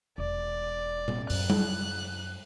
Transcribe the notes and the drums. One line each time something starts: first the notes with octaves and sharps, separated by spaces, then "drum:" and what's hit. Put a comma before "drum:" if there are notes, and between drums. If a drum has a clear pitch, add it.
E1 D5
drum: tom B2
F#2 F#6, drum: open hi-hat
drum: tom G3